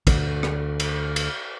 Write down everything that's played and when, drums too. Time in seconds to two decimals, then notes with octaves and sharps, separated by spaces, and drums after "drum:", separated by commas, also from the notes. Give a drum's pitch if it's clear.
0.07 D2 D3, drum: kick, cymbal
0.43 drum: rim click
0.80 drum: cymbal
1.16 drum: cymbal